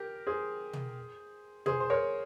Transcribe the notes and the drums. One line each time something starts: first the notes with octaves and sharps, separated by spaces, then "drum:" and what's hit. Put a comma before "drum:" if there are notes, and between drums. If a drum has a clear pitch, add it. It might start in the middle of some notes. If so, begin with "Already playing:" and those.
Already playing: G4 A#4
G#4 C5
drum: tom
G#4 C5, drum: tom
C5
A#4 C#5